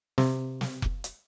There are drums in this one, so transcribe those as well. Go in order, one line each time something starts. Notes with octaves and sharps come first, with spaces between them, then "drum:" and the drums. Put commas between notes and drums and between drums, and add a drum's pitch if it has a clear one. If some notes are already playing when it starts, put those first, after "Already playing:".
C3, drum: snare
drum: snare
drum: kick F1
drum: hi-hat